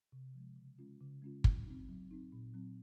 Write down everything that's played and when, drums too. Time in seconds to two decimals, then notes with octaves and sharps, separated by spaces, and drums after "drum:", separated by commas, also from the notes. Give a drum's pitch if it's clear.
0.12 C3
0.34 F3 G#3
0.56 C#3
0.79 G#3 C#4 F4
1.00 C#3
1.22 G#3 C#4 F4
1.44 F#3, drum: kick
1.66 C4 D#4
1.89 F#3
2.11 C4 D#4
2.32 A#2
2.54 F#3 C4